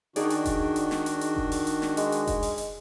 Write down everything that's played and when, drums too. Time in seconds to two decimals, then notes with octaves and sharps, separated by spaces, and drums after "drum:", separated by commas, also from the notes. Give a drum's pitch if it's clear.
0.16 D#3 D4 D#4 F#4 G#4 D5, drum: hi-hat
0.30 drum: hi-hat
0.46 drum: kick F1, hi-hat
0.76 drum: hi-hat
0.91 drum: snare
1.06 drum: hi-hat
1.21 drum: hi-hat
1.36 drum: kick F1
1.52 drum: open hi-hat
1.67 drum: hi-hat
1.82 drum: snare
1.97 G#3, drum: hi-hat
2.12 drum: hi-hat
2.27 drum: kick F1, hi-hat
2.43 drum: open hi-hat
2.58 drum: hi-hat